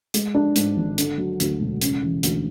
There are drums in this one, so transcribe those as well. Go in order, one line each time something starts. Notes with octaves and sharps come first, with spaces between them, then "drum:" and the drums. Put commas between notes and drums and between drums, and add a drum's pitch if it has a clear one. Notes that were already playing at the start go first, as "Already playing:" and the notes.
G#3, drum: hi-hat
D4
G#2, drum: hi-hat
G#1
D3, drum: hi-hat
F#3
D2, drum: hi-hat
E1
C#3, drum: hi-hat
E3
D2, drum: hi-hat